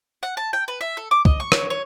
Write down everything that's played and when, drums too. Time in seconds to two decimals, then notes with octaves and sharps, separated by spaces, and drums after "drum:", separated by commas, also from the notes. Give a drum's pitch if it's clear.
0.23 F#5
0.37 A5
0.53 G5
0.68 B4
0.81 E5
0.97 A4
1.11 D6
1.25 D#5, drum: kick
1.40 C#6
1.52 C#5, drum: rim click
1.70 C#5